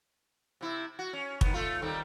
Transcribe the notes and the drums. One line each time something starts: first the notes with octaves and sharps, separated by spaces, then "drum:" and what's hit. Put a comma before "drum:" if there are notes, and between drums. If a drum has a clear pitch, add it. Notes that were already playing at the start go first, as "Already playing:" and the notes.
C3 E4
F#4
C#4
D#3 B3, drum: kick
A3 F4
D#3 G3 C4